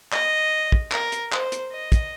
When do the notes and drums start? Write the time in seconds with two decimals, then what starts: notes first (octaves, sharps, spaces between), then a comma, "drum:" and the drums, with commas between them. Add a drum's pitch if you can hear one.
0.12 D#5, drum: clap
0.72 drum: kick
0.92 A#4, drum: clap
1.12 drum: hi-hat
1.32 C5, drum: clap
1.52 drum: hi-hat
1.72 D#5
1.92 drum: kick, hi-hat